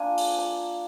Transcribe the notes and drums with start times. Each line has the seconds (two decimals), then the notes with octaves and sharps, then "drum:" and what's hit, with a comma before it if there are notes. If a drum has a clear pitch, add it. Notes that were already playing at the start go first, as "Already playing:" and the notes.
Already playing: A#3 D4 F4 G#5
0.18 drum: open hi-hat
0.38 A5